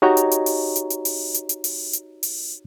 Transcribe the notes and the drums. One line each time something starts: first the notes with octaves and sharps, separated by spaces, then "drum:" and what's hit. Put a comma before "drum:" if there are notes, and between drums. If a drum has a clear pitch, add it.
D#4 F#4 G4 C#5 D#5 A#5
drum: hi-hat
drum: hi-hat
drum: open hi-hat
drum: hi-hat
drum: hi-hat
drum: open hi-hat
drum: hi-hat
drum: hi-hat
drum: open hi-hat
drum: hi-hat
drum: open hi-hat